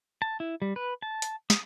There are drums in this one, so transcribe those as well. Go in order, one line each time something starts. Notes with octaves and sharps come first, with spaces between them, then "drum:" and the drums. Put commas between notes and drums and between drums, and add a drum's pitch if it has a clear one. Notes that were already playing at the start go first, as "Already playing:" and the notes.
A5
E4
G3
B4
A5
drum: hi-hat
D#6, drum: snare